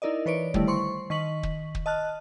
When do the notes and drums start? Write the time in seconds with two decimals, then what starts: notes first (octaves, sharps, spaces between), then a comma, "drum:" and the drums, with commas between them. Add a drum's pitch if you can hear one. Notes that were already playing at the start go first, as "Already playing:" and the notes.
0.02 D#4 E4 A#4 D5 D#5
0.26 E3 B4 C#5 D5 D7
0.54 D3 D#3 G3 A3 E4, drum: kick
0.67 C5 C6 C#6
1.10 D#3 D#5 C#6 B6 F#7
1.43 drum: kick
1.75 drum: kick
1.86 D#5 A5 F6 F#6